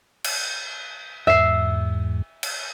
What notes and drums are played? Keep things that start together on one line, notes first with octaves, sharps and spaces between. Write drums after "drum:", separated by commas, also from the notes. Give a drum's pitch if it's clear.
drum: cymbal
E2 G#2 E5 C7
drum: cymbal